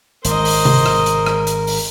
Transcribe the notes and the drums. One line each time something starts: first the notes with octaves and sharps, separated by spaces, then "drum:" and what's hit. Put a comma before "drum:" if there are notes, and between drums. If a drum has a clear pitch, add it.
G#1 A#4 C5 D#5, drum: hi-hat
drum: open hi-hat
drum: tom C3
drum: rim click
drum: hi-hat
drum: rim click
drum: hi-hat
drum: open hi-hat